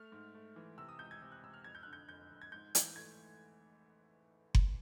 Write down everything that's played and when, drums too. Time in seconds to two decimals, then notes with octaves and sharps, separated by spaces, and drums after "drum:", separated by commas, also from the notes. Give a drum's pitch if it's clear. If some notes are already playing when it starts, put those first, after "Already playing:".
Already playing: A3 F6
0.12 G#2
0.34 A3
0.56 E3
0.78 C3 E6
0.89 D#6
0.99 C#2 G6
1.11 G#6
1.21 C3
1.32 F#6
1.43 C#2 E6
1.54 F6
1.64 F2 G#6
1.75 G6
1.83 D3 F#6
1.93 G6
2.09 F1 G6
2.31 F1
2.42 G#6
2.52 G#2 G6
2.75 E3 G#6, drum: hi-hat
2.96 A3 G#6
4.55 drum: kick F#1